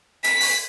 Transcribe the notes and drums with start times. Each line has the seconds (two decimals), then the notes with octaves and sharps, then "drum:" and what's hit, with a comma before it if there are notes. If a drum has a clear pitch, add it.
0.24 B6, drum: hi-hat
0.41 drum: open hi-hat